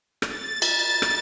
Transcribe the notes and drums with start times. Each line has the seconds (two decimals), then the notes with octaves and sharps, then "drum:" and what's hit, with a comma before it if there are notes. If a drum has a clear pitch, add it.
0.22 A6, drum: rim click
0.62 drum: cymbal
1.02 drum: rim click